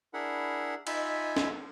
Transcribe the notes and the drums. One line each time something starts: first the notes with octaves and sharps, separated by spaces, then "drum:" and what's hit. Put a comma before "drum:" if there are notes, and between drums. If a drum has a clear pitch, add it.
D4 E4 G#4 A#4 F#5 B5
D#4 F4 E5 G#5 B5, drum: cymbal
drum: snare